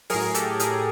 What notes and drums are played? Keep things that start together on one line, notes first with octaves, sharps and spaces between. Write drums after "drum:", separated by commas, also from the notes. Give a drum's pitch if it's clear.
A2 F#3 G#4 A#4, drum: open hi-hat
G4 A4, drum: hi-hat
G#4 A#4, drum: hi-hat